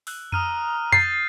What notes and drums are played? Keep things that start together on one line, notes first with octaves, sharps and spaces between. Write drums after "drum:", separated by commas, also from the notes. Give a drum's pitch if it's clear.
E6 F#6, drum: open hi-hat
A#5 D#6 F6 D#7, drum: tom F2
G6 A6 C7, drum: tom F2